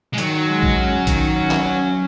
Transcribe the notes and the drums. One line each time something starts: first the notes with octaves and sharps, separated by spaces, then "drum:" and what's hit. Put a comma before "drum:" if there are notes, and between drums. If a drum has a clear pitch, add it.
G#3
D#3 F#3, drum: hi-hat
G#3
drum: kick A1
C#4
D#3, drum: kick A1, hi-hat
C#4
drum: clap
C#4